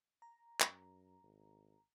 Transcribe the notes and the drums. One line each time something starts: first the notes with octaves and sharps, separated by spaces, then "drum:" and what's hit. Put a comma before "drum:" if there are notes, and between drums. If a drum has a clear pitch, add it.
A#5
F#2, drum: clap
G#1